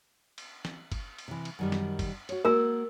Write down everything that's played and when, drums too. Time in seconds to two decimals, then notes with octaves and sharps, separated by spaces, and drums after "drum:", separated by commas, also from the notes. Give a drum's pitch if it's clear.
0.38 drum: cymbal
0.65 drum: snare
0.92 drum: kick F#1, cymbal
1.18 drum: cymbal
1.28 C3 E3
1.45 drum: cymbal
1.59 F#2 D#3 G3
1.72 drum: snare
1.99 drum: kick F#1, cymbal
2.29 F#4 C#5, drum: cymbal
2.45 A#3 F#4 A#4 E6